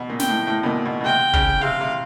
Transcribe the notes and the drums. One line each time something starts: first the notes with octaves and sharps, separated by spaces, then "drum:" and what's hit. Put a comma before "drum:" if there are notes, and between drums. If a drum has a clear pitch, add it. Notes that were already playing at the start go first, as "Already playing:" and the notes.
Already playing: B2
A#2
G5, drum: snare
A2
A2
B2
A#2
B2
B2
C3 G5
C#3, drum: kick
C3 F5
C3